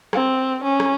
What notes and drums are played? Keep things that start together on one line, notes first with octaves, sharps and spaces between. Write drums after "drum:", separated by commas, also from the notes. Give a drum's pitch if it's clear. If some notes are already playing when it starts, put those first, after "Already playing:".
C4, drum: rim click
C#4
drum: rim click